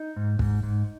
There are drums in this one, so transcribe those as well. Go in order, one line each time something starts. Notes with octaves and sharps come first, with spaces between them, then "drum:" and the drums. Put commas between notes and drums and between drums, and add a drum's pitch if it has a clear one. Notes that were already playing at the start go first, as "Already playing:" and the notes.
Already playing: D#4
G#2
G#2, drum: kick
G#2